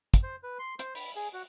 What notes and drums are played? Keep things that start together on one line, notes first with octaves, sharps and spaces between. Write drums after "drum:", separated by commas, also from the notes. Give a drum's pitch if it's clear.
drum: kick, hi-hat
C5
B4
C6
C5, drum: hi-hat
B5, drum: open hi-hat
G#4
F#4